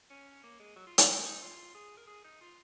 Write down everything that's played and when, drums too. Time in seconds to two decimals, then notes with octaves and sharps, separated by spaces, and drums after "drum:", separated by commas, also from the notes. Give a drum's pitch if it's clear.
0.10 C#4
0.43 A#3
0.59 G#3
0.76 F#3
0.87 F4
0.98 F4, drum: hi-hat
1.09 D#4
1.26 D#4
1.42 F4
1.74 G#4
1.97 A#4
2.07 G#4
2.24 D#4
2.41 F4